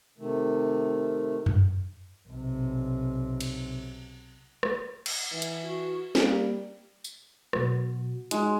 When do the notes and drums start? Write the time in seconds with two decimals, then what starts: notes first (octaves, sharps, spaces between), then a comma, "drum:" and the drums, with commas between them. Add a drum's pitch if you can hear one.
0.18 C3 D#3 A3
1.46 drum: tom F#2
2.29 B1 C3
3.41 drum: cymbal
4.63 drum: rim click
5.06 drum: cymbal
5.32 E3
5.42 drum: hi-hat
5.64 F#4
6.15 G3 A#3, drum: snare
7.04 drum: tambourine
7.53 B2 F#3 F#4, drum: rim click
8.31 G#3 D#4 F#4, drum: hi-hat